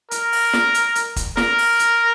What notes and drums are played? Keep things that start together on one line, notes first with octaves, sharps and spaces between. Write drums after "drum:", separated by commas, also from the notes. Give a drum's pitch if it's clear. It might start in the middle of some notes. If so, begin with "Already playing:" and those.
A#4, drum: hi-hat
drum: open hi-hat
drum: snare
drum: hi-hat
drum: hi-hat
drum: kick, hi-hat
A#4, drum: snare
drum: open hi-hat
drum: hi-hat